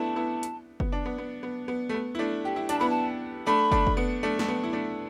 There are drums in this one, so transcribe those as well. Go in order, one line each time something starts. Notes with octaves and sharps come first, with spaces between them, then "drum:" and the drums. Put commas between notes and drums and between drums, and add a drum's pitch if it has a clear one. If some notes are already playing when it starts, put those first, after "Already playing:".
Already playing: A3 B3 D4 E4 A5
B3 E4
drum: hi-hat
B3, drum: kick
D4
B3
B3
B3
B3
A3
B3
E4
A3 D4
G4
E4
D4 A5, drum: hi-hat
B3 E4 B5
A5
A3 D4 B5
A3 D4, drum: kick
drum: kick
B3
A3 D4
A3, drum: snare
B3
E4
A3 D4